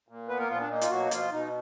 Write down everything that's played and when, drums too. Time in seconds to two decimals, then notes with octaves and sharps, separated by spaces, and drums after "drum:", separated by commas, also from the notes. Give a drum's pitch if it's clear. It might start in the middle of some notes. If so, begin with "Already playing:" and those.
0.08 A#2
0.29 B3 B4
0.39 A#3 A#4
0.49 A#2 F3 F4
0.60 D4
0.70 A#3 D#4
0.81 F4, drum: hi-hat
0.90 B2 F#3 F#4
1.05 D#4
1.11 B2 F3 F4, drum: hi-hat
1.31 B2 D#4